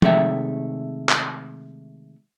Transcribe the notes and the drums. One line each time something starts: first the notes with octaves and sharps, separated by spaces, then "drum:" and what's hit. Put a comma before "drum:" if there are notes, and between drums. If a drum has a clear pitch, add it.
C3 D#3 G#3 A3 E5 G5, drum: tom F3
drum: clap